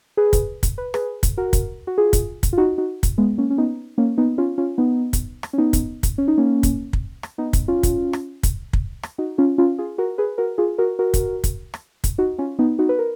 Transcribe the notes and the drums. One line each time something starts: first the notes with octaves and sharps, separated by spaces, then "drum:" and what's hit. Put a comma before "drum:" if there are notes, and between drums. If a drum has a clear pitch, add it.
G#4 B4
drum: kick, hi-hat
drum: kick, hi-hat
B4
G#4 B4, drum: rim click
drum: kick, hi-hat
F#4 A#4
drum: kick, hi-hat
F#4
F4 G#4
drum: kick, hi-hat
drum: kick, hi-hat
F4
D#4 F#4
D#4 F#4
drum: kick, hi-hat
G#3 B3
A#3 C#4
C#4
B3 D#4
A#3 C#4
B3 D#4
C#4 F4
C#4 F4
B3 D#4
drum: kick, hi-hat
drum: rim click
C#4
B3 D#4
drum: kick, hi-hat
drum: kick, hi-hat
C#4
D#4
A#3 C#4
drum: kick, hi-hat
drum: kick
drum: rim click
B3 D#4
drum: kick, hi-hat
C#4 F4
drum: kick, hi-hat
drum: rim click
drum: kick, hi-hat
drum: kick
drum: rim click
D#4 F#4
C#4 F4
C#4 F4
F4 G#4
F#4 A#4
G#4 B4
F#4 A#4
F4 G#4
F#4 A#4
F#4 A#4
drum: kick, hi-hat
drum: kick, hi-hat
drum: rim click
drum: kick, hi-hat
D#4 F#4
C#4 F4
B3 D#4
D#4 F#4
B4
A#4